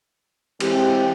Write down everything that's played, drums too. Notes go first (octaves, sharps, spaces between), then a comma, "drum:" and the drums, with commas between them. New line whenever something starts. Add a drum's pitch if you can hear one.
E3 G#3 C4 G4, drum: cymbal